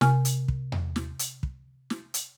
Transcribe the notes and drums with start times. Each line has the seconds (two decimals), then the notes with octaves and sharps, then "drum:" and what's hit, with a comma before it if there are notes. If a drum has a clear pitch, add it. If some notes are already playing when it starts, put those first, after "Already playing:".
0.01 C3 G#5 F6, drum: snare
0.25 drum: hi-hat
0.48 drum: kick
0.72 drum: tom E2
0.96 drum: snare
1.19 drum: hi-hat
1.43 drum: kick
1.90 drum: snare
2.14 drum: hi-hat